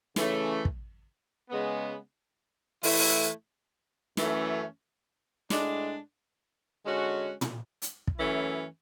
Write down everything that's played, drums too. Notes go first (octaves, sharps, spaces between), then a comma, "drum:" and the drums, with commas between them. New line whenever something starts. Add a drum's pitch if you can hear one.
C#3 E3 A3 C#4, drum: snare
drum: kick
C#3 G#3 B3
A2 E3 A3 E4, drum: open hi-hat
drum: open hi-hat
F#2 E3 A3 C#4, drum: snare
A2 G#3 D4, drum: snare
D3 G#3 C#4 F#4
drum: tom
drum: hi-hat
drum: kick
F#2 E3 A3 C#4 E4